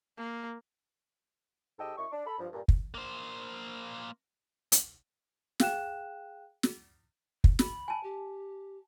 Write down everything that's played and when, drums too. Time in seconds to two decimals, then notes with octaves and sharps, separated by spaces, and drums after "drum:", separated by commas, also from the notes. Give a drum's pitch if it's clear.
0.17 A#3
1.79 G#2 G4 A4 D#5 G5 E6
1.97 F#2 E4 D#5 C#6
2.12 D4
2.26 A4 B5
2.39 G2 F3
2.52 G2 A#2
2.68 drum: kick
2.94 A#3 C5
4.72 drum: hi-hat
5.60 G#4 F5 G5 F#6 E7, drum: snare
6.63 drum: snare
7.44 drum: kick
7.59 B5, drum: snare
7.88 G#5 A5
8.03 G4